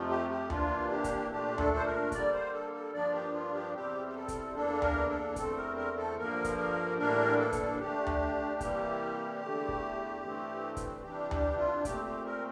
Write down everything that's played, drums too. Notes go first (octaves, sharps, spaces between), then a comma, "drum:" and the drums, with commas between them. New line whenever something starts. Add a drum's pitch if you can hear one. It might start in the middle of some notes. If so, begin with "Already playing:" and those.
Already playing: F2 C3 F3 A3
G4
G4
C3 E3 A#3 D4 F4, drum: tom D2
G4
drum: kick, hi-hat
A#2 A3 D4 G4
A4, drum: tom D2
C5
A#4
D3 G3 A#3 D5, drum: kick, hi-hat
C5
A4
A4
G2 F3 A#3 D4 D5
G4
F4
G4
E2 C3 G3 C4 G4
G4
A4
drum: kick, hi-hat
E2 E3 A#3 D4 A4
A#4, drum: tom D2
A4
E2 D3 A3 C4 A4, drum: kick, hi-hat
A#4
A#4
A4
G2 D3 F3 A#3 A#4
drum: kick, hi-hat
A#4
A2 E3 G3 A#3 D4 A#4
A4
drum: kick, hi-hat
D3 A3 D4 G4
drum: tom D2
C3 E3 G3 A#3, drum: kick, hi-hat
E2 D3 A3
drum: kick
G2 E3 A3 C4
drum: kick, hi-hat
C3 E3 G3 D4 G4
G4, drum: tom D2
F4
A#2 A3 C4 G4, drum: kick, hi-hat
G4
A#4